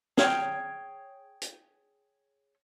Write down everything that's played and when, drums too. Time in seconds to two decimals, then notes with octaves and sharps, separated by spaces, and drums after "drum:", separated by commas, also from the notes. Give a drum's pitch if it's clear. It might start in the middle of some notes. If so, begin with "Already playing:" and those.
0.17 G#4 C#5 G5 F6, drum: snare
1.42 drum: hi-hat